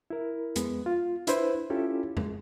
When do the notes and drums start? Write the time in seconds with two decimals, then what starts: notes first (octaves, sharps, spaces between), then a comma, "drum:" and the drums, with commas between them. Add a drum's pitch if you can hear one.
0.10 E4 A#4
0.56 F2 G#3 B3, drum: hi-hat
0.86 F4
1.27 D4 E4 B4 C5, drum: hi-hat
1.70 C#4 E4 F4 G4 A4
2.17 G#3, drum: tom F2